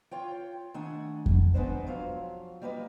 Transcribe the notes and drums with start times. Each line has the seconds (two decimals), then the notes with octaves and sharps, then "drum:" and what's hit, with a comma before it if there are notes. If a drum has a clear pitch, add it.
0.11 F4 C#5 G5
0.74 D#3 A3 D4 F#5 G#5
1.26 drum: kick F2
1.54 D#3 G#3 B3 C4 D4 C5
1.87 F3 F#3 F5
2.62 G3 A#3 B4 D#5